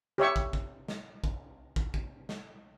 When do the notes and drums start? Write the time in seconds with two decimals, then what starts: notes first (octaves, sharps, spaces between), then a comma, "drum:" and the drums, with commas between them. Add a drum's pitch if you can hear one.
0.18 G4 C#5 E5 C#6
0.36 drum: kick
0.53 drum: kick
0.88 drum: snare
1.24 drum: kick
1.76 drum: kick
1.94 drum: kick
2.29 drum: snare